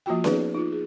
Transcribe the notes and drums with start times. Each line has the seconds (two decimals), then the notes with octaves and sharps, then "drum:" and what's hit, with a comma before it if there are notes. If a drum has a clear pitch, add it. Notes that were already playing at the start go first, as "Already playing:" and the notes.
0.06 F3 A#3 F4 F#4 G5
0.24 B3 D#4 G#4 B4 D5, drum: snare C#4
0.55 D#4 F4
0.72 G#4